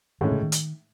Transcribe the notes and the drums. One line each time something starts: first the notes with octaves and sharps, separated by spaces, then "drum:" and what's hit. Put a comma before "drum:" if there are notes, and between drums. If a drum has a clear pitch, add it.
A2 D#3 G#3 C#4
C#3
D#3
drum: hi-hat